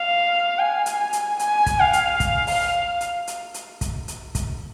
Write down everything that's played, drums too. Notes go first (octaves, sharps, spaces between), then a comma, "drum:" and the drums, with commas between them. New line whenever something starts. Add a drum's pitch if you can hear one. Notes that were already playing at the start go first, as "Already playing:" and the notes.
Already playing: F5
G#5
drum: hi-hat
drum: hi-hat
G#5, drum: hi-hat
drum: kick, hi-hat
F5
drum: hi-hat
drum: kick, hi-hat
drum: open hi-hat
drum: hi-hat
drum: hi-hat
drum: hi-hat
drum: kick, hi-hat
drum: hi-hat
drum: kick, hi-hat